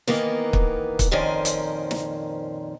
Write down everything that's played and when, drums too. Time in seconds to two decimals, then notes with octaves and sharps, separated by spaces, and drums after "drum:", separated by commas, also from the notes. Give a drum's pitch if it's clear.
0.07 D#3 E3 A#3 B3, drum: snare
0.53 drum: kick
0.99 drum: kick, hi-hat
1.11 F2 A#2 D#3 C#4 C5
1.45 drum: hi-hat
1.91 drum: snare